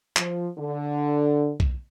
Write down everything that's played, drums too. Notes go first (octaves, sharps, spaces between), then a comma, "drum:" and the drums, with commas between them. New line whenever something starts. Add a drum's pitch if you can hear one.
F3, drum: clap
D3
drum: kick B1